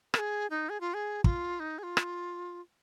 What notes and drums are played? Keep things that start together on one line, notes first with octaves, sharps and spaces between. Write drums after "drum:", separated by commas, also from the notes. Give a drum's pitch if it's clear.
A#4, drum: rim click
G#4
D#4
G#4
F4
G#4
F4, drum: kick
D#4
G#4
F4
drum: rim click